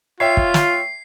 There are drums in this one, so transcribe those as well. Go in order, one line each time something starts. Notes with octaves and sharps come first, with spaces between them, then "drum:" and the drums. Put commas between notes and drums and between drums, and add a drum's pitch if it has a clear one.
F4 C#5 E5 G5 C7
drum: kick
drum: snare